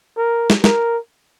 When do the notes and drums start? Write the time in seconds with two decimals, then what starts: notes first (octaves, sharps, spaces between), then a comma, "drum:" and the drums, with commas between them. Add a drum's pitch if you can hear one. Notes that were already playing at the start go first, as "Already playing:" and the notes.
0.17 A#4
0.50 drum: snare
0.64 A#4, drum: snare